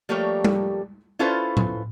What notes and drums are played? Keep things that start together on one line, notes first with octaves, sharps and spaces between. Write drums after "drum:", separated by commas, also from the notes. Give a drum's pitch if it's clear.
F3 G3 A3 A#3 G4 C#5
drum: tom G3
C#4 E4 F4 A4 B4 C5
drum: tom A2